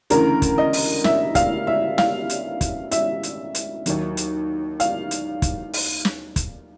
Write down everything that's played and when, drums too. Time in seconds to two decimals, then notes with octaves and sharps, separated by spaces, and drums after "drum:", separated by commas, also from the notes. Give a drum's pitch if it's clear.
0.10 D2 C#3 E3 A#4, drum: hi-hat
0.42 drum: kick, hi-hat
0.58 D#5
0.73 drum: open hi-hat
1.04 E5, drum: snare
1.35 F5, drum: kick, hi-hat
1.67 E5
1.98 F5, drum: snare
2.30 drum: hi-hat
2.61 drum: kick, hi-hat
2.91 E5, drum: hi-hat
3.23 drum: hi-hat
3.55 drum: hi-hat
3.86 D#2 D#3 F#3, drum: hi-hat
4.17 drum: hi-hat
4.80 F5, drum: hi-hat
5.11 drum: hi-hat
5.42 drum: kick, hi-hat
5.73 drum: open hi-hat
6.05 drum: snare
6.36 drum: kick, hi-hat